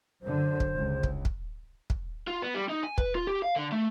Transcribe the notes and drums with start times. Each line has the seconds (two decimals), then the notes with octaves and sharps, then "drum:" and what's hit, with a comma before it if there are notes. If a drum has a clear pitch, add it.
0.22 F#2 D3 C5
0.60 drum: kick
0.76 C#2
1.03 drum: kick
1.25 drum: kick
1.90 drum: kick
2.28 F4
2.43 B3
2.55 G3
2.70 D#4
2.83 G#5
2.98 B4, drum: kick
3.15 F4
3.27 G4
3.42 F5
3.56 D3
3.72 A3